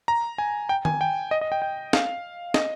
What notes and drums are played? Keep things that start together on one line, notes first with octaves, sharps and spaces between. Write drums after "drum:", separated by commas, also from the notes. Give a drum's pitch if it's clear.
A#5
G#5
G5
G#5, drum: tom D#3
G5
D#5
D#5
G5
G5
F5, drum: snare
D#5, drum: snare